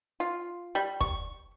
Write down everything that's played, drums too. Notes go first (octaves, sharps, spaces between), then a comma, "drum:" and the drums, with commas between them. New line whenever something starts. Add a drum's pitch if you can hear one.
F4
G3
C#6, drum: kick